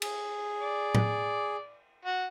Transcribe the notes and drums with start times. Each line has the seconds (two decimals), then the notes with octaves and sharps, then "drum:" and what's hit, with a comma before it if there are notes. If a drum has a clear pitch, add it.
0.02 G#4, drum: cymbal
0.58 D5
0.95 drum: tom A2
2.05 F#4